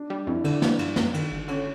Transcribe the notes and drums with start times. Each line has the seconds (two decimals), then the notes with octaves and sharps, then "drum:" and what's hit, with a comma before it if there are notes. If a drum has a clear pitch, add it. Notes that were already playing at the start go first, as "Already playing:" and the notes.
Already playing: D4
0.10 G3
0.27 F2 E4
0.44 D3 D4, drum: cymbal
0.62 F3, drum: snare
0.79 G2, drum: cymbal
0.96 F#2, drum: snare
1.14 D#3, drum: cymbal
1.31 G1
1.48 D3 C#4, drum: cymbal